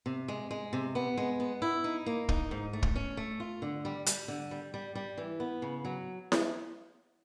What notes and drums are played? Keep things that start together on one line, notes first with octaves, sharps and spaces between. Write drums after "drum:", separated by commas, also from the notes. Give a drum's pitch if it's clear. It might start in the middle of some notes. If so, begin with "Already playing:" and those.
C3
G#3
G#3
C3
B3
G#3
B3
E4
D#4
A#3
D#4, drum: kick
G#2
A3
drum: kick
C#4
A3
F4
D3
G3
G3, drum: hi-hat
D3
G3
G3
G3
E3
B3
C#3
F#3
drum: snare E4